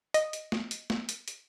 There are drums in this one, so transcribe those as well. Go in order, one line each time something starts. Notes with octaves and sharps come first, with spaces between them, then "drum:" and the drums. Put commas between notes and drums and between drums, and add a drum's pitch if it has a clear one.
D#5, drum: hi-hat
drum: hi-hat
drum: snare
drum: hi-hat
drum: snare
drum: hi-hat
drum: hi-hat